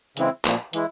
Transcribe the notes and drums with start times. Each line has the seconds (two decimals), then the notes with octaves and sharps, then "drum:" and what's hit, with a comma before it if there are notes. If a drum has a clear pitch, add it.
0.17 C#3 E3 G#3 C4 E4, drum: hi-hat
0.45 A#2 F3 A#3, drum: clap
0.73 E3 G#3 E4, drum: hi-hat